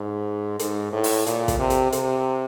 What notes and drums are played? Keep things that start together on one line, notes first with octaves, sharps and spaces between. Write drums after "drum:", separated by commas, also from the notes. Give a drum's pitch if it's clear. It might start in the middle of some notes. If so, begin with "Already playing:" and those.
Already playing: G#2
G#2, drum: hi-hat
A2
drum: open hi-hat
A#2, drum: hi-hat
drum: kick, hi-hat
C3
drum: hi-hat
C3, drum: hi-hat